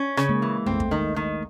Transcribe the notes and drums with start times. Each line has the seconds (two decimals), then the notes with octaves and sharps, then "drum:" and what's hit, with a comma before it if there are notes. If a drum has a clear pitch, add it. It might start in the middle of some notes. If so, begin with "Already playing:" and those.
Already playing: C#4
0.17 C#3, drum: rim click
0.29 G#3 A#3
0.42 E3
0.66 A3 C4, drum: tom
0.80 drum: kick
0.91 D#3
1.16 D#3